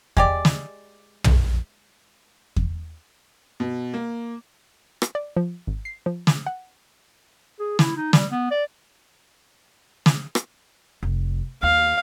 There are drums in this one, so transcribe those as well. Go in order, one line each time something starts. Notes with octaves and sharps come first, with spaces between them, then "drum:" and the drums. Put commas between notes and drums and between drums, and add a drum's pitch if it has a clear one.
G#3 G4 D5, drum: kick E2
drum: snare
drum: tom
drum: kick E2
B2
A#3
drum: rim click
D5
F3
G#1
C7
F3
drum: snare
F#5
G#4
E4, drum: snare
D#4
G3, drum: snare
B3
D5
drum: snare
drum: rim click
F1
D#2 F5